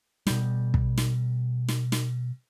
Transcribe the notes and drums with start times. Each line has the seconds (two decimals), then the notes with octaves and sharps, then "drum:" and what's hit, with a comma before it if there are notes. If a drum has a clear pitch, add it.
0.27 B2 G3, drum: snare
0.74 drum: kick
0.97 drum: snare
1.68 drum: snare
1.92 drum: snare